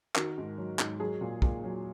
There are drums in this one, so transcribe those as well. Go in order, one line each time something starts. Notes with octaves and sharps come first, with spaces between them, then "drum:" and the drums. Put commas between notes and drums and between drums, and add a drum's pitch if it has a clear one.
D#3 F#4 A#4, drum: clap
G#2
F#3
G#2, drum: clap
F#3 G#4
A#2
A#2, drum: kick
F#3